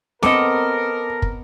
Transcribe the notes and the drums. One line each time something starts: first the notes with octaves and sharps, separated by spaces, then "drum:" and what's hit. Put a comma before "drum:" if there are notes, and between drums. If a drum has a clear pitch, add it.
B3 C4 A4 A#4 D#5 D6, drum: snare
drum: kick